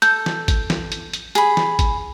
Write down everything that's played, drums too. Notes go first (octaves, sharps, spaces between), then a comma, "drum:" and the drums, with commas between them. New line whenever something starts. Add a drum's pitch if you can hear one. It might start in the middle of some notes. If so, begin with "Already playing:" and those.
A4 G6, drum: hi-hat
drum: snare
drum: kick, hi-hat
drum: snare
drum: hi-hat
drum: hi-hat
G#4 B5, drum: hi-hat
drum: snare
drum: kick, hi-hat